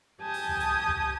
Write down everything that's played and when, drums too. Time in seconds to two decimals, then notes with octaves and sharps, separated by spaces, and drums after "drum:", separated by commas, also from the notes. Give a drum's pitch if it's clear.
0.21 G4 G#5 A5 D#6 G6
0.34 drum: open hi-hat
0.47 drum: tom
0.60 drum: hi-hat
0.73 drum: kick
0.86 drum: tom